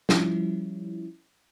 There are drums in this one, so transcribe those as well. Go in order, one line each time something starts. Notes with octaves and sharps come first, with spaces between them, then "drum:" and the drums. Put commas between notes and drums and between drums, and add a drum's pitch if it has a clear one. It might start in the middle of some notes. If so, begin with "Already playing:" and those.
F3 G3 C#4 E4, drum: snare